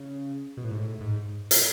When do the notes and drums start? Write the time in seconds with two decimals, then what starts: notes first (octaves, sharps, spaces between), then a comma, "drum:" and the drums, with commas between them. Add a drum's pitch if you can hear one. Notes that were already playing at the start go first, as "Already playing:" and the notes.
Already playing: C#3
0.57 B2
0.64 A2
0.71 G#2
0.79 A2
1.01 G#2
1.51 drum: hi-hat